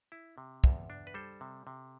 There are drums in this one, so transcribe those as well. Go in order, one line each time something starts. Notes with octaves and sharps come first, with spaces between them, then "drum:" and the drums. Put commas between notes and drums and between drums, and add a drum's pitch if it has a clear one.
E4
C3
E2, drum: kick
D4
B4
G3 A4 C5
C3
C3